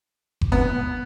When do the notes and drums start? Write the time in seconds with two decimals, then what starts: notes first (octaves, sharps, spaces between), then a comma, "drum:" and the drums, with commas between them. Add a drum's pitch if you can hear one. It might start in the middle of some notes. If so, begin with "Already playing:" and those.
0.41 drum: kick F#1
0.52 B3